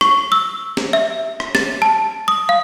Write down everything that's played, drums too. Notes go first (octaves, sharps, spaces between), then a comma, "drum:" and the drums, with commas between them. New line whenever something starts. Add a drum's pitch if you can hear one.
C#6, drum: rim click
E6
drum: snare
E5
drum: rim click
A6, drum: snare
A5
D#6
F5